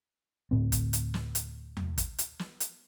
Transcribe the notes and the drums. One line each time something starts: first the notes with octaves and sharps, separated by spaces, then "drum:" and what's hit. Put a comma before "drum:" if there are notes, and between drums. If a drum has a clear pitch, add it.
D2 A2 C4
drum: kick, hi-hat
drum: hi-hat
drum: snare
drum: hi-hat
drum: tom E2
drum: kick, hi-hat
drum: hi-hat
drum: snare
drum: hi-hat